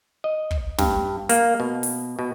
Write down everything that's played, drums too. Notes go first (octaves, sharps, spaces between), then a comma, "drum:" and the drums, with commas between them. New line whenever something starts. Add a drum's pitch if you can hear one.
D#5
drum: kick
G2, drum: snare
A#3, drum: hi-hat
B2
drum: open hi-hat
B2